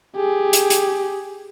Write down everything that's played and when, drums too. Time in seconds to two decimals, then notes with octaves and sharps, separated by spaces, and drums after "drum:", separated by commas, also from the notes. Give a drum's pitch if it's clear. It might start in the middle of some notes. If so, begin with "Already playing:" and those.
0.16 G4 G#4
0.53 drum: hi-hat
0.70 drum: hi-hat